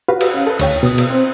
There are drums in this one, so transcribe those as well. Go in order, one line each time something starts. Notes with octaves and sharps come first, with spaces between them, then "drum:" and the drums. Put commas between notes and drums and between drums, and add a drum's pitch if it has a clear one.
F#4 G4 B4 F5
drum: cymbal
C#4 F5
A4 B4
D2 C#5 G5, drum: cymbal
B2 D#6
drum: cymbal
C4